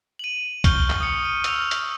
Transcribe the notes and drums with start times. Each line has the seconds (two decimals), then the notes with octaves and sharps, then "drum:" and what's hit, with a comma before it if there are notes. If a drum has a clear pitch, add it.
0.19 D#7 F#7
0.64 C#6 F6 G6 G7, drum: kick, hi-hat
0.90 drum: clap
1.00 D#6 C#7
1.25 D#7
1.44 E6 F6 F7, drum: hi-hat
1.71 drum: hi-hat